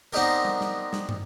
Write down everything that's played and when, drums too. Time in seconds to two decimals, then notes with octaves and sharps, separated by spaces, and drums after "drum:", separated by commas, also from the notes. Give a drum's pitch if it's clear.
0.13 B3 C4 D4 D#4 G4 A#4
0.45 drum: tom G3
0.61 drum: snare
0.93 drum: snare
1.09 drum: tom